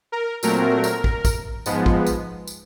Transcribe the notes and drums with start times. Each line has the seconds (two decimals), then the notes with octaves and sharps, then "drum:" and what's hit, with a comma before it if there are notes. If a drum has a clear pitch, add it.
0.12 A#4
0.43 A#2 F#3 A3 C4 A#4, drum: tambourine
0.84 drum: tambourine
1.04 drum: kick
1.25 drum: kick, tambourine
1.66 G#2 F3 G#3 B3, drum: tambourine
1.86 drum: kick
2.07 drum: tambourine
2.47 drum: tambourine